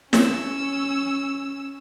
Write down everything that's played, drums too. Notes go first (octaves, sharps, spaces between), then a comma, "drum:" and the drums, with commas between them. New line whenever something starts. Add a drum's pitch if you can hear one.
C#4 E6, drum: snare